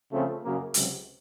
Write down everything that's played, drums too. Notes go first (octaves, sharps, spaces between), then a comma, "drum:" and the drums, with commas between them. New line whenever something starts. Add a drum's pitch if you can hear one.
C#3 F3 A3 C4 F4
F#2 C#3 F#3 A#3
C#2 C3 F#3, drum: hi-hat